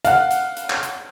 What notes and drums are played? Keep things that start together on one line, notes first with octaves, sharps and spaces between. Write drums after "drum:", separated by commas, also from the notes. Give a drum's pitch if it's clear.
F5 F#5, drum: hi-hat
drum: hi-hat
drum: hi-hat
drum: clap
drum: hi-hat